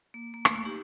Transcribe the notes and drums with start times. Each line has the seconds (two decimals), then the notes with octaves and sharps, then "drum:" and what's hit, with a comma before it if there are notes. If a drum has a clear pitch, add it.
0.14 A#3
0.34 A#3
0.45 A3, drum: rim click
0.55 A#3
0.65 D#4 G4